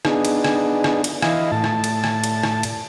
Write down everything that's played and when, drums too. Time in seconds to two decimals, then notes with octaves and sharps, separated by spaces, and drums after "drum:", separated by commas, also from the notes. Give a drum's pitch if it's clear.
0.05 B3 D4 D#4 G#4, drum: rim click
0.25 drum: cymbal
0.44 drum: rim click
0.84 drum: rim click
1.04 drum: cymbal
1.22 E3 E4 D#5 F5, drum: rim click
1.52 A2 A5
1.64 drum: rim click
1.84 drum: cymbal
2.04 drum: rim click
2.24 drum: cymbal
2.43 drum: rim click
2.63 drum: cymbal